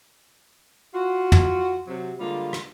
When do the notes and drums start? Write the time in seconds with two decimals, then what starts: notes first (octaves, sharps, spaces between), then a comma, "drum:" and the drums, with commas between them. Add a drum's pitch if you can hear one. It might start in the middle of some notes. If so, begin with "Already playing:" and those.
0.94 F4 F#4
1.32 drum: tom
1.87 C3 F#3
2.19 D3 G3 G#3 A#3 F4
2.53 drum: rim click